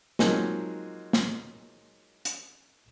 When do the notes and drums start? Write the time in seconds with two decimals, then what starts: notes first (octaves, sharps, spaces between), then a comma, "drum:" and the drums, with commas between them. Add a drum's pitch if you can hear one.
0.19 F3 F#3 G#3 A#3 C4 D#4, drum: snare
1.13 drum: snare
2.25 drum: hi-hat